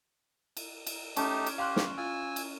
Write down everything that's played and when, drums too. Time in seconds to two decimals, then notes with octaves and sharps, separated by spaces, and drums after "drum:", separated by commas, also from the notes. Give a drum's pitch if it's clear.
0.57 drum: cymbal
0.87 drum: cymbal
1.16 A3 C#4 D#4 G4 A5, drum: cymbal
1.46 drum: cymbal
1.58 G4 F5 C6 F#6
1.76 drum: snare
1.98 F4 G#5 E6
2.36 drum: cymbal